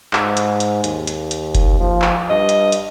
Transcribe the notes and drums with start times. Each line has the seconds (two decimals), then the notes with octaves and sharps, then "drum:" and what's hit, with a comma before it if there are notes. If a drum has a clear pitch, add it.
0.13 G#2, drum: clap
0.37 drum: hi-hat
0.60 drum: hi-hat
0.84 D#2, drum: hi-hat
1.07 drum: hi-hat
1.31 drum: hi-hat
1.55 drum: kick F#1, hi-hat
1.80 F3
2.02 drum: clap
2.30 G2 D#5
2.49 drum: hi-hat
2.72 drum: hi-hat